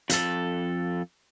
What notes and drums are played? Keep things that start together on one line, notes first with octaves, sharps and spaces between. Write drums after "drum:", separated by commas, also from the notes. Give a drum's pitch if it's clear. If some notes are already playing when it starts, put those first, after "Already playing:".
F2 A4, drum: hi-hat